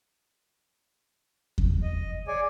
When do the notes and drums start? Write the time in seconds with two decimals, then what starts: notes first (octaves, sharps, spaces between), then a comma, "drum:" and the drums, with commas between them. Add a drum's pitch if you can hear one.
1.58 drum: kick E2
1.82 D#5
2.27 G#4 C#5 D5 G#5